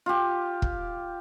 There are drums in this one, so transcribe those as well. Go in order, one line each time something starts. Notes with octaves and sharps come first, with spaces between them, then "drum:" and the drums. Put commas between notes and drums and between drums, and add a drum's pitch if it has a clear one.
F4 G4
drum: kick